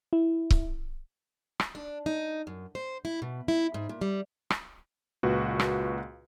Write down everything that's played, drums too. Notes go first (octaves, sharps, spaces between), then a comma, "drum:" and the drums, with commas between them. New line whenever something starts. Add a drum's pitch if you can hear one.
E4
drum: kick C#1
drum: rim click
D4
D#4
F#2
C5
E4
B2
E4
G#2
A#2
G3
drum: rim click
C#2 A#2 F#4 B4
drum: rim click